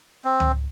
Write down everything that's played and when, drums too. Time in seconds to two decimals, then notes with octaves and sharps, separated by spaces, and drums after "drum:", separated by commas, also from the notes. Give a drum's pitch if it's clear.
0.25 C4
0.40 drum: tom C#2